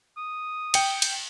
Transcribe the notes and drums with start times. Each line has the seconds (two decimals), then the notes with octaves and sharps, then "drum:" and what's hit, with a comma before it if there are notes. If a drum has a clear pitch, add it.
0.17 D#6
0.74 G5 C#7, drum: cymbal
1.02 drum: cymbal